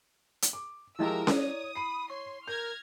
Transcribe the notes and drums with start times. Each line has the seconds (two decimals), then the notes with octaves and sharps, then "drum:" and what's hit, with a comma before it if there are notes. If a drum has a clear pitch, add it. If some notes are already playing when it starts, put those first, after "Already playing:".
0.42 drum: hi-hat
0.53 D6
0.99 F3 G#3 E4 G4 A#4 D#5 E5 E6
1.27 C#5 D5 D#6, drum: snare C#4
1.76 B5 C7 D#7
2.10 C#5 C6 C#6
2.48 A#4 F6 G6 G#6 A#6